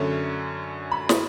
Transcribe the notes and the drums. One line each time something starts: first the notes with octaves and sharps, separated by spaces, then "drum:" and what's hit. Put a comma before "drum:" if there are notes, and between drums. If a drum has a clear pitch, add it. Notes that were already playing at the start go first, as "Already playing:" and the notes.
Already playing: F#2 D3 A3 C#4
B5
drum: snare